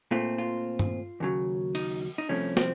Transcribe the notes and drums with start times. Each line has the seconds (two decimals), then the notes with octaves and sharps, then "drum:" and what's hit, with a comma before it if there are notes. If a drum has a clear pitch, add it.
0.11 A#2 A3 C4 F4
0.38 F4
0.79 drum: tom G2
1.20 D#2 C#3 F#3
1.75 D#4, drum: cymbal
2.18 D#4
2.29 C2 C3 F3 A3 C4 C#4
2.57 C4, drum: snare